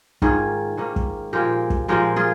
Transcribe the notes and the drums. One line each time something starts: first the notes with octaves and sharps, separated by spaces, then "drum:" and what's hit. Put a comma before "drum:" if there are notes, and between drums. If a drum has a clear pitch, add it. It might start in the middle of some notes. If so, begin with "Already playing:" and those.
G#2 D#3 A#3 F4 G#4, drum: kick
G#2 D#3 A#3
drum: kick
A#2 F3 G#3 G4 A#4
drum: kick
A#2 F3 G#3 G4 A#4
F4 G#4